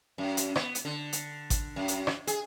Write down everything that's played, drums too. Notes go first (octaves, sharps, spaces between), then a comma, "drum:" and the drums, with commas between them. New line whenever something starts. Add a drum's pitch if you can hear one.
F#2
drum: hi-hat
B3, drum: rim click
drum: hi-hat
D3
drum: hi-hat
drum: kick G#1, hi-hat
F#2
drum: hi-hat
drum: rim click
G#4, drum: hi-hat